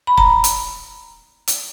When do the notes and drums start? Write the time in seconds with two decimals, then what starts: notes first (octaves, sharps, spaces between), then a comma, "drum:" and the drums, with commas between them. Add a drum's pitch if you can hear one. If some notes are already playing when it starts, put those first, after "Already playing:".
0.07 B5
0.18 A#5, drum: kick
0.44 drum: hi-hat
1.48 drum: hi-hat